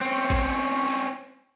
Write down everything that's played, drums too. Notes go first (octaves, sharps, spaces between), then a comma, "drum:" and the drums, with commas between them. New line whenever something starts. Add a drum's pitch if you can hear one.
C4 C#4
drum: kick A1, hi-hat
drum: open hi-hat